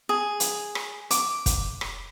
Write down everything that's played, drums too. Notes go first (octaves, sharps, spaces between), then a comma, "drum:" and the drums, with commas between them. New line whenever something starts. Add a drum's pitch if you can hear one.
G#4
drum: hi-hat
drum: rim click
D6, drum: hi-hat
drum: kick, hi-hat
drum: rim click